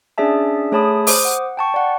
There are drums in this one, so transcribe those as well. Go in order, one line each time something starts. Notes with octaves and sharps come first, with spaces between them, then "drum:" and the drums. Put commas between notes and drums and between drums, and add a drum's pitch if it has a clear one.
C#4 D4 G#4 D5 E5 A5
A3 G#4 C#5 A5 B5 D#6
C5 D6 D#6, drum: open hi-hat
F#5
G5 A5 C#6
D5 F#5